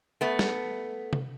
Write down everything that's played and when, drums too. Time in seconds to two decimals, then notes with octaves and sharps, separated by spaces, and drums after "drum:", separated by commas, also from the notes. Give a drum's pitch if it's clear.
0.21 A3 B3
0.39 drum: snare
1.13 drum: tom